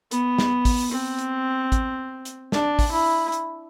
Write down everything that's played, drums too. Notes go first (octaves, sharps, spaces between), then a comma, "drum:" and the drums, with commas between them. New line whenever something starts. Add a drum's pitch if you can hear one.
B3, drum: hi-hat
drum: snare
drum: kick A1, open hi-hat
C4
drum: hi-hat
drum: kick A1, hi-hat
drum: hi-hat
D4, drum: snare
drum: kick A1, open hi-hat
E4
drum: hi-hat